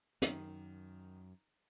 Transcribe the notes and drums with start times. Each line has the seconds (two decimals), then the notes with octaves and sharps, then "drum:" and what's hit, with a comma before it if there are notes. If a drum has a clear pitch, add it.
0.22 F#2 D#3, drum: hi-hat